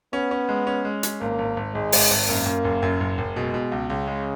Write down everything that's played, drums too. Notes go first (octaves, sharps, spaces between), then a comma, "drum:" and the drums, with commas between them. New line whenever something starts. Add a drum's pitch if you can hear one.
B3 C#4
C#4
G#3
C#4
G#3
C#4, drum: hi-hat
G#1 A#3
G#1
G#1
G#1 G#3
G#1, drum: open hi-hat
G#1
F#2 A#3
F#2
F#1
F#2
F#1
F#1
B2 G#3
B2
C#2
C#2 C#3
G#3